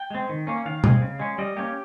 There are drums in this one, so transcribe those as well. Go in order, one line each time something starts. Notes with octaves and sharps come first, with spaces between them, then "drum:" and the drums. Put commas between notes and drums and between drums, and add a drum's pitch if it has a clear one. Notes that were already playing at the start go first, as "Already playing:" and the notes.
Already playing: G5
G#3 C4
D#3
A#3 C#4
D#3 F5
G#3 C4, drum: tom B2
C#3
G#3 C#4
G3 D#5
A#3 C#4 G4